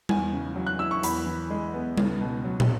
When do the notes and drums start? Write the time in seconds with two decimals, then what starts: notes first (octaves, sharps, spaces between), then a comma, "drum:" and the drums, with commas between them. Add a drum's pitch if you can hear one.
0.09 E2 G#5, drum: tom G3
0.32 C#3
0.56 F#3
0.67 F#6
0.79 E4 E6
0.91 C#6
1.03 E2 B5, drum: hi-hat
1.26 E3
1.50 G#3
1.74 B3
1.98 C#2, drum: tom G3
2.21 B2
2.44 F#3
2.60 drum: tom